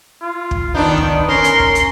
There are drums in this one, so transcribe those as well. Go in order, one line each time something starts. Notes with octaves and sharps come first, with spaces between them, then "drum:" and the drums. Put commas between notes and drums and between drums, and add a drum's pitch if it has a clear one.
F4
drum: kick
D#3 B3 D4 D#4
drum: kick
C#4 A#4 C6
drum: hi-hat
drum: kick
drum: hi-hat